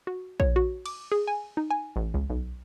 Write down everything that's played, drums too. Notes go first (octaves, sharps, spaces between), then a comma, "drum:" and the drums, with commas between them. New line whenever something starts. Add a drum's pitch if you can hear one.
F#4
C#5, drum: kick A#1
F#4
D6, drum: cymbal
G#4
G#5
D#4
G#5
A1
C#2
B1